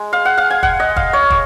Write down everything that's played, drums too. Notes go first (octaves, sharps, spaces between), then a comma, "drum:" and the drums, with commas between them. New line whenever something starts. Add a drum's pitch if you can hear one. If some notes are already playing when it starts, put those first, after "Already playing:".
Already playing: G#3 G#5
F5
F#5
F5
G#5
F#5, drum: kick
D#5
F5, drum: kick
C#5
drum: kick